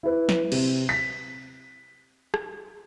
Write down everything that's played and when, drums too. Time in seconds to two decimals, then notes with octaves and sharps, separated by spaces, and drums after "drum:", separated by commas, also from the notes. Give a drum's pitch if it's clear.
0.03 E4 B4
0.29 drum: snare
0.52 C3, drum: cymbal
0.89 B6
2.34 drum: rim click